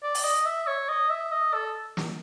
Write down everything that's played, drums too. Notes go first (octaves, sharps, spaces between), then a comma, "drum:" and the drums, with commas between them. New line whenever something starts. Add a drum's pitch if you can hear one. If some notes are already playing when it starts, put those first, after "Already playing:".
D5
drum: open hi-hat
D#5
E5
C#5
D#5
E5
D#5
A4
drum: snare